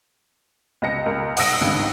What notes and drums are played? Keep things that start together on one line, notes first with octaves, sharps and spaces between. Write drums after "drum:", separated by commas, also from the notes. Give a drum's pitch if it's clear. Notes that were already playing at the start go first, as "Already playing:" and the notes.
C#2 D#5 A#6 C#7
C#2 A#4
F#5 D#6 E6 A#6 D7, drum: open hi-hat
G#1 C#2 G2